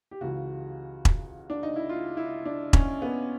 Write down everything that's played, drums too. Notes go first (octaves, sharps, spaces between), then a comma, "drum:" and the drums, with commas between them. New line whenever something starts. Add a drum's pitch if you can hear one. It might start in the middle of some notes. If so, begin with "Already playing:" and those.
G4
C#2 C#3 E3 F#4
drum: kick E1
D4
D#4
E4
F4
E4
D4
C#4, drum: kick E1
B3